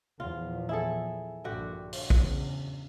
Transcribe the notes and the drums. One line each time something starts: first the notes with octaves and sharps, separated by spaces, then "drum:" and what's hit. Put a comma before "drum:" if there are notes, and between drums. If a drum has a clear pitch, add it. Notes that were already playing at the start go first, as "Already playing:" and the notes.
E2 A#2 F3 F4
E4 G#4 A4
A#1 G2 D3 F#4 G4
drum: open hi-hat
E2 C#3, drum: kick